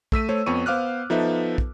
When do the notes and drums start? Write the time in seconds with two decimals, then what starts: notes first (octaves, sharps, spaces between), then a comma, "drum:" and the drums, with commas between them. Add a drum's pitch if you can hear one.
0.12 A3 E6 B6 D#7, drum: kick
0.29 A3 C5 C#5
0.46 F2 B3 C#5 C#6 D#7
0.66 B3 C5 F5 D6 F6 F#6
1.10 F3 B3 D#4 A4 B4 E5
1.58 drum: kick